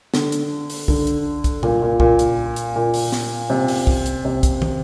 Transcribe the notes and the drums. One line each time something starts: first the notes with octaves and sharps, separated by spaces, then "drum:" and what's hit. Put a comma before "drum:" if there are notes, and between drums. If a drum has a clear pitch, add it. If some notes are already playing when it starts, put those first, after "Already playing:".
D3, drum: snare
drum: hi-hat
drum: open hi-hat
D3, drum: kick
drum: hi-hat
drum: kick, hi-hat
A#2, drum: tom C3
A#2
A#2, drum: kick
drum: hi-hat
drum: hi-hat
A#2
drum: open hi-hat
drum: snare
C3
drum: open hi-hat
drum: kick
drum: hi-hat
C3
drum: kick, hi-hat
drum: tom